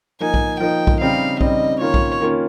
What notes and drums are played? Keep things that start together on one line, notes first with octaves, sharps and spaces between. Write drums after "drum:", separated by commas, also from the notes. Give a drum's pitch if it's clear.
F3 A#3 D#4 G#5
drum: kick B1
F3 A#3 D#4 G5
drum: kick B1
C#3 G3 C4 D#4 F5
C#3 G3 C4 D#4 D#5, drum: kick B1
D#3 A#3 C#4 F4 C#5
drum: kick B1
D#3 A#3 C#4 F4